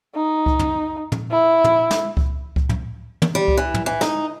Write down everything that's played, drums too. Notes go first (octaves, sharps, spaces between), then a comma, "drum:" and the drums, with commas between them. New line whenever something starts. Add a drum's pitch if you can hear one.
D#4
drum: kick C#2
drum: tom
drum: tom
E4
drum: tom
drum: snare
drum: kick C#2
drum: kick C#2
drum: tom
drum: tom
G3
drum: kick C#2
E3
drum: tom
E3
D#4, drum: snare